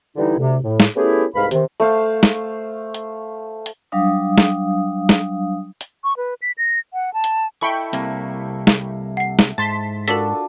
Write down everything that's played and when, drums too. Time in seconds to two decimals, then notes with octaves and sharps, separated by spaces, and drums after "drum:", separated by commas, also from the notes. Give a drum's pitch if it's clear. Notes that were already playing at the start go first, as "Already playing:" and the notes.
0.16 D3 E3 G3 D#4 E4
0.38 D2 C3
0.64 A2
0.80 drum: snare
0.95 A3 B3 C#4 E4 G4 G#4
1.34 C2 G#2 B4 F5 B5
1.51 C3 D#3, drum: hi-hat
1.80 A3 C5 F5
2.23 drum: snare
2.94 drum: hi-hat
3.66 drum: hi-hat
3.92 F#3 G3 D4 F5 D#6
4.38 drum: snare
5.09 drum: snare
5.81 drum: hi-hat
6.04 C#6
6.17 B4
6.42 B6
6.58 A#6
6.94 F#5
7.14 A5
7.24 drum: hi-hat
7.61 E4 A4 D#5 G5 B5 C#6
7.93 C2 C3 A#3, drum: hi-hat
8.67 drum: snare
9.17 F#5 C7
9.39 drum: snare
9.58 G#2 A5 C6 B6
10.08 D4 F4 F#4 A4 A#4 B6, drum: hi-hat